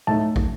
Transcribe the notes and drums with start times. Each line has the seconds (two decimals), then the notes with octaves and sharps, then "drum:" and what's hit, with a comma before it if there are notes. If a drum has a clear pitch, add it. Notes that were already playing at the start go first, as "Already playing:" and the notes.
0.07 A2 A3 D#4 A5
0.36 drum: kick